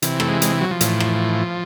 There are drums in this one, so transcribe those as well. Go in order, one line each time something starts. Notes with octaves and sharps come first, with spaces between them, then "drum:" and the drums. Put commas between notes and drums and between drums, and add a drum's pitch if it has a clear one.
C3 E3, drum: hi-hat
A3, drum: rim click
G#3
G#3, drum: hi-hat
F#3
F3
A2 E3, drum: hi-hat
drum: rim click